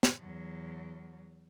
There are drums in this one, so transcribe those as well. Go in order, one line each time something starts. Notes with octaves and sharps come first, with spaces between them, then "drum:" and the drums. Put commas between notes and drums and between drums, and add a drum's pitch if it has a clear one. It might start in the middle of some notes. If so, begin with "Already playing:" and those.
drum: snare
E2 F#3